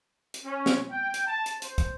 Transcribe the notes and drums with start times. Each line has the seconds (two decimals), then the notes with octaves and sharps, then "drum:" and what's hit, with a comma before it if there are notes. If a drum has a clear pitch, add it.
0.34 drum: hi-hat
0.45 C#4
0.66 drum: snare
0.90 G5
1.14 drum: hi-hat
1.27 A5
1.46 drum: hi-hat
1.62 C5, drum: hi-hat
1.78 drum: kick, hi-hat